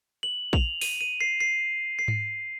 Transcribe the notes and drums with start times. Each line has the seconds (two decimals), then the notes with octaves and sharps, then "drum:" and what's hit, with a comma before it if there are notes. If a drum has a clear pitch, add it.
0.23 F#7
0.53 F7, drum: kick A#1
0.81 D#7, drum: open hi-hat
1.01 D#7
1.21 C7
1.41 C7
1.99 C7
2.08 drum: tom G#2